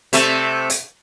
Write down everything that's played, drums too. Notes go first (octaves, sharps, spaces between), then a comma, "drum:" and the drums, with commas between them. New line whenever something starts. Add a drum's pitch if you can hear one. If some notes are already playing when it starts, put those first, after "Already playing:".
C3 A3, drum: hi-hat
drum: hi-hat